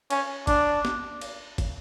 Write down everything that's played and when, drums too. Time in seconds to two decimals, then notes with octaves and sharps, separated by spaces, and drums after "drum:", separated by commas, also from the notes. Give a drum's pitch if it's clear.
0.10 C#4, drum: cymbal
0.47 D4, drum: kick, cymbal
0.85 drum: snare
1.21 drum: cymbal
1.58 drum: kick, cymbal